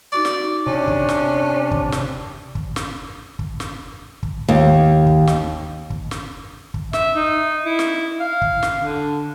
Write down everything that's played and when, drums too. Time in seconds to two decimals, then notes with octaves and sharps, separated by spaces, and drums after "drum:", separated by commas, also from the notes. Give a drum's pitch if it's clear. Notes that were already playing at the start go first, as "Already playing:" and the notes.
0.12 D#4 F#4 D5 C#6
0.25 drum: snare
0.67 C3 C#4 D4
0.88 drum: kick
1.09 drum: snare
1.71 drum: kick
1.92 drum: snare
2.55 drum: kick
2.76 drum: snare
3.39 drum: kick
3.60 drum: snare
4.23 drum: kick
4.48 D#2
5.06 drum: kick
5.27 drum: snare
5.90 drum: kick
6.11 drum: snare
6.74 drum: kick
6.93 E5, drum: snare
7.15 D#4
7.65 E4
7.79 drum: snare
8.20 F5
8.42 drum: kick
8.63 drum: snare
8.80 D3